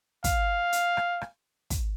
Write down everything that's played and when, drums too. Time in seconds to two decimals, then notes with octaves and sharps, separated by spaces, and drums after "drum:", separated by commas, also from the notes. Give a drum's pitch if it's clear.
0.24 F5, drum: kick, hi-hat
0.73 drum: hi-hat
0.97 drum: rim click
1.21 drum: rim click
1.70 drum: kick, hi-hat